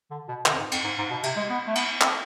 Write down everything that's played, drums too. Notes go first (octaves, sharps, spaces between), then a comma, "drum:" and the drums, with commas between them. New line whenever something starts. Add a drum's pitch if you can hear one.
D3
B2
D3, drum: clap
F2
G#2
F2, drum: cymbal
G#2
G#2
B2
C3, drum: cymbal
G#3
B3
A3
B3, drum: cymbal
C4, drum: clap